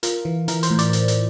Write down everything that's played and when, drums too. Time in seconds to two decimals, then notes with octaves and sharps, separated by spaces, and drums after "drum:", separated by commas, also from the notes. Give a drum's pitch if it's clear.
0.03 F4 A#4, drum: hi-hat
0.25 E3
0.48 E3 A#4, drum: hi-hat
0.63 C5, drum: hi-hat
0.71 A2
0.79 D5, drum: hi-hat
0.93 drum: hi-hat
1.08 drum: hi-hat